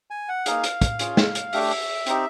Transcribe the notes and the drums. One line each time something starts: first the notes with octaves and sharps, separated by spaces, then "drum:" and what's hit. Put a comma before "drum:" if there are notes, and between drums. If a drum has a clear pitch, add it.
G#5
F#5
A#3 D#4 G#4 F5, drum: hi-hat
drum: hi-hat
drum: kick, hi-hat
C#4 F4 G#4, drum: hi-hat
drum: snare
drum: hi-hat
A3 D4 G4 E5, drum: open hi-hat
drum: open hi-hat
C4 D#4 G4, drum: hi-hat